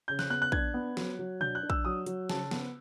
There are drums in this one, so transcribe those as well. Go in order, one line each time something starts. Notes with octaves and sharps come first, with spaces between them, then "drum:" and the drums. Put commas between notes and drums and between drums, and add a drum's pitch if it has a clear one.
C#3 G6
F#6, drum: snare
B3 F#6
F#6
D4 G#6, drum: kick
B3
F#3, drum: snare
F#3
D4 G6, drum: tom B2
F#6
D4
E6, drum: kick
F#3 D#6
F#3, drum: hi-hat
C#3 A5, drum: snare
B3, drum: snare